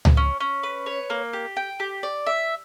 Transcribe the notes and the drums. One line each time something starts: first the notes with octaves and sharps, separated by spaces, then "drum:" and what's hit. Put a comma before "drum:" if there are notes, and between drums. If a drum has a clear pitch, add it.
drum: tom C#2
C#4
C#4
B4
C#5
A#3
G4
G5
G4
D5
E5